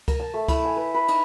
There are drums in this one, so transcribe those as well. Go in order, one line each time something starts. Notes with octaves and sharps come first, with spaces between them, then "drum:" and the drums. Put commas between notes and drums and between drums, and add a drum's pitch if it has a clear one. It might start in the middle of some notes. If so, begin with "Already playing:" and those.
A#4, drum: kick C#2, cymbal
A5
A3
E4, drum: kick C#2, cymbal
G#5
B4
B4
D#4, drum: cymbal